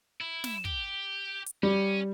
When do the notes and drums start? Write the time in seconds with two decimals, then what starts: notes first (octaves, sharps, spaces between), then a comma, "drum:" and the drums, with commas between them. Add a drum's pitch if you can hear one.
0.21 E4
0.44 drum: snare
0.65 G4, drum: kick
1.46 drum: hi-hat
1.63 G3 C#4